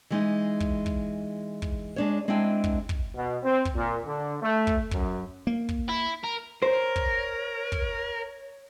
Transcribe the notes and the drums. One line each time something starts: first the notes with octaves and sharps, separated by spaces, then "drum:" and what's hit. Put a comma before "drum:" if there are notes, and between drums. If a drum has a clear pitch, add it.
E3 G#3 D#4
drum: kick
drum: kick
drum: kick
G#3 D4 C#5
G#3 C4 D4 E4 G5 G#5
drum: kick
drum: kick
B2
C4
drum: kick
A#2
D3
A3
drum: kick
F#2, drum: kick
A#3
drum: kick
E4
A#4
A#4 C5 C#5
drum: kick
drum: kick